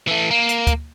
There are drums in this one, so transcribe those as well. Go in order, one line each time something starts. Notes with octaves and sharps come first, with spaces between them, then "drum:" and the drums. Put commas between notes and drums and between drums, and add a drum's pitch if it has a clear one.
E3 A3
A#3
drum: hi-hat
drum: kick, hi-hat